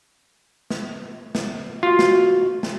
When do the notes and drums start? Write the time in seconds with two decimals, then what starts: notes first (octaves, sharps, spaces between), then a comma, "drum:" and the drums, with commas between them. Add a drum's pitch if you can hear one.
0.70 drum: snare
1.35 drum: snare
1.83 F4 F#4
1.99 drum: snare
2.63 drum: snare